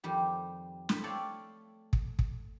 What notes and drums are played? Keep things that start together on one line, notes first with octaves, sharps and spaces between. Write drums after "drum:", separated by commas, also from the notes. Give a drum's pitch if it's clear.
F2 D#3 G3 G4
A3 E4 A4 C5, drum: snare
A4 C#5 D5 F5 G5 A5
drum: kick
drum: kick